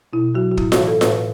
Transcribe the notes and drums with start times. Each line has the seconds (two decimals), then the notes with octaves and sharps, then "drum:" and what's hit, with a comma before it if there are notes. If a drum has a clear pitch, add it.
0.13 B2 E4
0.34 F#3 F#4
0.51 F#4
0.57 A2 E4, drum: kick
0.72 F#4, drum: snare F4
0.79 E3
0.87 A4
1.01 A2 B4, drum: snare F4